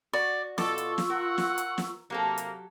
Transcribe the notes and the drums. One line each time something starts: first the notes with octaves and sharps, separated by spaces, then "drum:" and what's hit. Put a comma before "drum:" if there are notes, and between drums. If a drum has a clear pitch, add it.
F#4 D5
B2 F4 A4 C#6 D6 E6, drum: snare
drum: hi-hat
drum: snare
A#4 F#5
drum: snare
drum: hi-hat
drum: snare
C3 F#3 A#3 G4 A4
drum: hi-hat